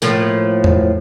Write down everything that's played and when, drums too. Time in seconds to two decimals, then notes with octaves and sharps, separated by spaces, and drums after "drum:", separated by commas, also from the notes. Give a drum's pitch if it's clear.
0.02 A2 F3 A#3, drum: tambourine
0.64 drum: tom E2